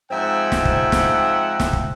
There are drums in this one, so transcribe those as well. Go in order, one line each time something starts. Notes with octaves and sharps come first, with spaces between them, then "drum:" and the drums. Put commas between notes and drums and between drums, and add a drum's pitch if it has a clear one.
G#2 F3 C4 E5 F#5 G5
drum: snare
drum: kick
drum: snare
drum: snare
drum: kick